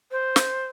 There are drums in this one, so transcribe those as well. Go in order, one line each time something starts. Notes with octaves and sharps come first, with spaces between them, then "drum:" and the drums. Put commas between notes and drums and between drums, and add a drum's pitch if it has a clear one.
C5
drum: snare